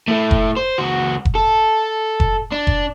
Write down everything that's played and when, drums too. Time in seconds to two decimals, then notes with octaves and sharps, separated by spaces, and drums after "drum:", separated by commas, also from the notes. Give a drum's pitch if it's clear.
0.08 A2 A3
0.31 drum: kick F1
0.57 C5
0.78 C#2 F#4
1.25 drum: kick F1
1.35 A4
2.20 drum: kick F1
2.52 D4
2.67 drum: kick F1